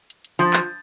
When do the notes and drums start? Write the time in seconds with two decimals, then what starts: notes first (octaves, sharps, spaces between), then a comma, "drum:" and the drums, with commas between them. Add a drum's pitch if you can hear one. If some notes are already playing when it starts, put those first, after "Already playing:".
0.10 drum: hi-hat
0.25 drum: hi-hat
0.39 F3, drum: hi-hat
0.53 drum: clap